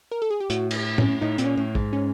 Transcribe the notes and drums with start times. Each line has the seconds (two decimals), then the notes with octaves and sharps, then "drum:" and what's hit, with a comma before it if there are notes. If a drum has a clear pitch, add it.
0.11 A#4
0.22 A4
0.30 G#4
0.40 G4
0.50 A2 F#4, drum: hi-hat
0.71 drum: cymbal
0.98 C#4, drum: tom A2
1.21 A2 D#4
1.38 A#2 C4, drum: hi-hat
1.45 C#4
1.57 A2
1.75 G#2, drum: kick
1.93 C#4